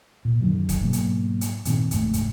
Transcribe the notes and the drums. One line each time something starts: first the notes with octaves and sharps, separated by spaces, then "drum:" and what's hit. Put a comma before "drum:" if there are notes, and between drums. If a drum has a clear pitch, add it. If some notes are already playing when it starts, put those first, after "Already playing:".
A#2
F#2 D3 D#3 F#3
drum: kick, hi-hat
G#2 B2 F#3 A#3
drum: hi-hat
drum: hi-hat
G2 A#2 D#3 C4, drum: hi-hat
F1 D#2 G#2 A3, drum: hi-hat
drum: hi-hat